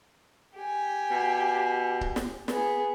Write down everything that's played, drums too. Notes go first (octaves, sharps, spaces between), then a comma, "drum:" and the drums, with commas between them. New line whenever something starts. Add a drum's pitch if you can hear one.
G4 G#5
B2
drum: kick C#1
drum: snare
B3 G#4, drum: snare